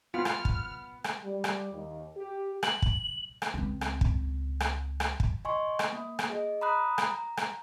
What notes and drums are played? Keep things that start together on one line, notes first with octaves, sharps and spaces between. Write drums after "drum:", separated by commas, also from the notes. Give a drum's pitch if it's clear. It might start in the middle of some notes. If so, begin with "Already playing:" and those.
B3 F4 F6
drum: rim click
drum: kick
drum: rim click
G3
drum: rim click
D#2
G4
F#7, drum: rim click
drum: kick
drum: rim click
C#2 C4
drum: rim click
drum: kick
drum: rim click
drum: rim click
drum: kick
D#5 G#5 C6 C#6
drum: rim click
A#3
drum: rim click
G#4 D#5
A#5 B5 D#6 F#6
drum: rim click
A#5
drum: rim click